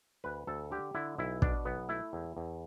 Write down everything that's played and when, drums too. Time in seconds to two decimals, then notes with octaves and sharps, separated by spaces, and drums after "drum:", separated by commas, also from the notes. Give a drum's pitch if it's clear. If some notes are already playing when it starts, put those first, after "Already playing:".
0.24 D2 B4
0.47 D2 A4
0.71 D3 G4
0.95 D3 E4
1.18 B1 E4
1.42 B2 D4, drum: kick
1.65 B1 B3
1.89 A3 E4
2.13 E2
2.37 E2